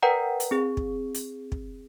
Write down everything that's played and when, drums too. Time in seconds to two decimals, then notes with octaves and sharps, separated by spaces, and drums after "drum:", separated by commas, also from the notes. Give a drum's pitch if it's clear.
0.02 A#4 B4 D5 F#5 G5 A#5
0.40 drum: hi-hat
0.51 C4 G#4
0.77 drum: kick
1.14 drum: hi-hat
1.52 drum: kick